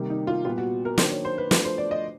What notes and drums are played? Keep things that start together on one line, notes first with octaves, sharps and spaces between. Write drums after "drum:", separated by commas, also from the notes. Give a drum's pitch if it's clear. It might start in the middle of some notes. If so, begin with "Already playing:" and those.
Already playing: C3 D#3 G3 A#3
D#4
F4
A#2 G3 B3 F4
F#4
A#4
D#3 F#3 A#3 D4 C5, drum: snare
C#5
C5
B4
F3 A3 D4 B4, drum: snare
C5
D5
D#5